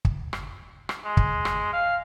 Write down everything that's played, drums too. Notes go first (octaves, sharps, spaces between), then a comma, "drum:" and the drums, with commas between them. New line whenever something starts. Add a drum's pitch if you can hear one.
drum: kick
drum: rim click
drum: rim click
G#3
drum: kick
drum: rim click
F5